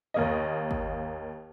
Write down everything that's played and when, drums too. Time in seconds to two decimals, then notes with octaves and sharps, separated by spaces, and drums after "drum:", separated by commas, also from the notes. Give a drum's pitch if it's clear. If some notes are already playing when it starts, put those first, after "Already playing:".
0.14 D#2 A#3 D#5
0.71 drum: kick